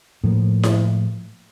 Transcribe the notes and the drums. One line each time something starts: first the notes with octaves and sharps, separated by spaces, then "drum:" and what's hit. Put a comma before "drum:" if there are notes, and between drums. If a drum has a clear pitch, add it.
A2 F3 A#3
drum: snare E4